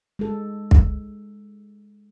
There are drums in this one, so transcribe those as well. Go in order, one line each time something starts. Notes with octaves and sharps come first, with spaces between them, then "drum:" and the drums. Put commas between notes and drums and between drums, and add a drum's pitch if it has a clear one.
G#3 A4
drum: kick